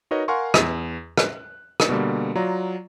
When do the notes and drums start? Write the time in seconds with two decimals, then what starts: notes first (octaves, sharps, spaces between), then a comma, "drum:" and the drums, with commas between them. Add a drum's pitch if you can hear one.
0.11 D#4 F#4 A#4 B4 C#5 D#5
0.28 A#4 F5 F#5 G#5 C6 C#6
0.54 E2, drum: rim click
1.18 F#6, drum: rim click
1.80 drum: rim click
1.89 B2 D3 G3 A#3
2.35 F#3 F4 D5 A#5